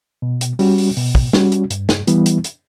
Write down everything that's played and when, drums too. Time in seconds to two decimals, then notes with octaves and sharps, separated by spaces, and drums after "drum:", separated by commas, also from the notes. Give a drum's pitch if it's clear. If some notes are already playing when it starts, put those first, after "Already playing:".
0.22 B2
0.41 drum: hi-hat
0.59 G3 C#4 F#4, drum: open hi-hat
0.78 drum: open hi-hat
0.97 B2, drum: open hi-hat
1.15 drum: kick
1.33 G3 C#4 F#4, drum: snare
1.52 drum: hi-hat
1.70 G2, drum: hi-hat
1.89 drum: snare
2.07 E3 G3 B3 E4, drum: hi-hat
2.26 drum: hi-hat
2.44 drum: hi-hat